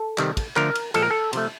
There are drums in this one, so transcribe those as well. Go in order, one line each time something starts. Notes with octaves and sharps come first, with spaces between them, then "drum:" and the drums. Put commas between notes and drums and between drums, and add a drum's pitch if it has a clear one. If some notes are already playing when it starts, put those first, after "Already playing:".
Already playing: A4
C3 D#3 G3, drum: clap
drum: kick, cymbal
D3 F3 A3 A#4, drum: clap
drum: cymbal
A#2 F3 G#3 A4, drum: cymbal
A#4
A4
C3 F3 A3, drum: cymbal